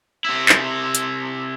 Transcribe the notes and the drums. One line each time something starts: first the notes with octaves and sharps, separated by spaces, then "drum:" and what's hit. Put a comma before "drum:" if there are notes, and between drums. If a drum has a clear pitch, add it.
C3 E4
drum: clap
drum: hi-hat